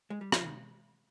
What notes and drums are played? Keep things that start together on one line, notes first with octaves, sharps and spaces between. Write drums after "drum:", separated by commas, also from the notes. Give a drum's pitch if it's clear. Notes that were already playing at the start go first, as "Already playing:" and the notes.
G#3
G3
F3, drum: rim click
D#3